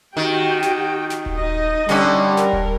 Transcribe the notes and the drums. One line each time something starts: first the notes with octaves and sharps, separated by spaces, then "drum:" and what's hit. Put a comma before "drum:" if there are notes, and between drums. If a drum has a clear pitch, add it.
D#3 F#4 G4 G5
drum: snare
drum: snare
drum: kick D#1
D#4 D#5
D3 G3 C#4, drum: snare
A#4, drum: snare
drum: kick D#1